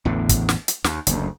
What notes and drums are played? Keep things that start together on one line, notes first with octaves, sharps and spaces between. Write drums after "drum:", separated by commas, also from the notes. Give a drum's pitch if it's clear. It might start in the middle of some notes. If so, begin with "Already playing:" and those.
A1 E2 A2 D3
drum: kick, hi-hat
drum: snare
drum: hi-hat
D#2, drum: snare
F#1 D2, drum: hi-hat